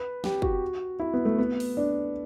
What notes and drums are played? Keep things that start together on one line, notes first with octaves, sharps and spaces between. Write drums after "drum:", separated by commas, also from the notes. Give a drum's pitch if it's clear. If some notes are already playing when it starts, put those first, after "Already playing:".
Already playing: B4
G4, drum: snare
F#4, drum: kick
E4
B3
A3
B3
drum: open hi-hat
D4